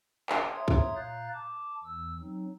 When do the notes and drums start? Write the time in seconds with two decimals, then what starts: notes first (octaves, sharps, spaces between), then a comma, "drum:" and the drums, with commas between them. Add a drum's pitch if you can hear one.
0.29 drum: clap
0.53 C#5 E5 A#5 C6 D#6 G#6
0.68 drum: kick
0.95 A#2 F5 A#5 F#6 G6 A6
1.34 A5 D6
1.84 E2 E3 E6
2.21 F#3 C4 D#4